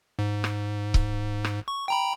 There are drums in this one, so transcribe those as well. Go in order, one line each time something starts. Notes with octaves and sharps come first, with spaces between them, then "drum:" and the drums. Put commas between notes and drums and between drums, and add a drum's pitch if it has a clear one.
G#2
drum: rim click
drum: kick C#1
drum: rim click
C#6
G5 A#5 B5